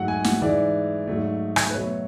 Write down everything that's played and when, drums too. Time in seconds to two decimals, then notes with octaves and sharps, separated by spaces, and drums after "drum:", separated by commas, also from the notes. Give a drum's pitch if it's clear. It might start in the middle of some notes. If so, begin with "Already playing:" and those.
Already playing: G#2 F#3 A3 F#5
0.08 G#5
0.24 F#5, drum: snare
0.41 G#2 E3 G#3 D5
1.07 G#2 F#3 A3
1.56 drum: rim click
1.69 B4
1.73 B2 F#3 A3 C#5